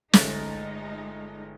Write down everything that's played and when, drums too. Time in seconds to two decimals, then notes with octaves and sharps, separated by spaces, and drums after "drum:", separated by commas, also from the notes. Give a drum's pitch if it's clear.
0.13 G1 G#3 A3 D#4 A6, drum: snare